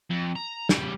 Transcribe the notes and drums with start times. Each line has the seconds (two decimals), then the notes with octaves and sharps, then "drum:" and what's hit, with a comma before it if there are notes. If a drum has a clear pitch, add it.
0.10 F2
0.36 A#5
0.69 C#3 G3, drum: snare